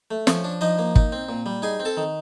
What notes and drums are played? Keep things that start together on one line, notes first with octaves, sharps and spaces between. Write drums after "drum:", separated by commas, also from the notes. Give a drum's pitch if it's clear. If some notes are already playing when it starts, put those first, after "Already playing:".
A3
F3 C#4 C#5, drum: snare
D4
F3 D#4 D#5
A#3
D#4, drum: kick
C4
A#2
G3
D#4 G#4 G#5
C4
A4 A5
D#3